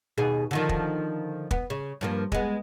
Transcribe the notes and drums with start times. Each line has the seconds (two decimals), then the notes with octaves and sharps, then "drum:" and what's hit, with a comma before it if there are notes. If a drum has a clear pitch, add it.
0.18 D#2 B2 G#4
0.51 D3 D#3 F3
0.69 drum: kick
1.51 B3, drum: kick
1.70 C#3
2.01 G2 F3 A#3
2.32 G#3 B3, drum: kick